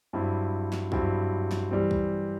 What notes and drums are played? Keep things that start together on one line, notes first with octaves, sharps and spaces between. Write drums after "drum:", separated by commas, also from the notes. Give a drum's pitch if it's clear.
G2 F#3 C4 E4
drum: snare
G2 F#3 C4 E4, drum: kick
drum: snare
E3 G3 C4
drum: kick